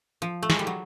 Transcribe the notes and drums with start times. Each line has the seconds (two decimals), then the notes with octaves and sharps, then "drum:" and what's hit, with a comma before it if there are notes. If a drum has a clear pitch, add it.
0.22 F3
0.43 A3
0.50 G#3, drum: snare
0.59 G3
0.67 F#3